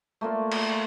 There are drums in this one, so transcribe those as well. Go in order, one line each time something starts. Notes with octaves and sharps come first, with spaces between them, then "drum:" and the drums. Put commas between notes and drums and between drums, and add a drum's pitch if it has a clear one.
A3 A#3 F4 D5
drum: cymbal